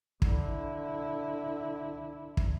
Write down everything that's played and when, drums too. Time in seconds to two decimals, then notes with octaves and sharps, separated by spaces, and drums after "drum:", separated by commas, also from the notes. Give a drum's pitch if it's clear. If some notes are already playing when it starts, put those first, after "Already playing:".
0.22 D3 E4, drum: kick
2.37 drum: kick